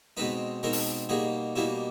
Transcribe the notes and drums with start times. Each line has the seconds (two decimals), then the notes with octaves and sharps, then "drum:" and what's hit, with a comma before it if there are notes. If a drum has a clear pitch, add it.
0.17 B2 G#3 C4 D#4 B4
0.63 B2 G#3 C4 D#4 A#4
0.73 drum: open hi-hat
1.09 B2 G3 A#3 D#4 G#4
1.56 B2 G3 A#3 D#4 E4